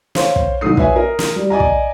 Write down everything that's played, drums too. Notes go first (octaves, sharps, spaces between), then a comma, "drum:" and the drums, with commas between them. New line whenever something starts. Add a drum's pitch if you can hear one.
C5 C#5 F5 C6, drum: snare
drum: kick
C2 D#3 F#3 A3 D#6 C7
B4 C#5 E5 G#5, drum: kick
A#4
drum: snare
G3
D5 D#5 G#5 A#5
drum: kick